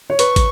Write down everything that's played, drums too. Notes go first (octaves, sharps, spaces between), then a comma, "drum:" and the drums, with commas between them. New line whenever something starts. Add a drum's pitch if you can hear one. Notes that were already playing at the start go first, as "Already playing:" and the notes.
C#5
B4 C#6, drum: hi-hat
drum: kick, hi-hat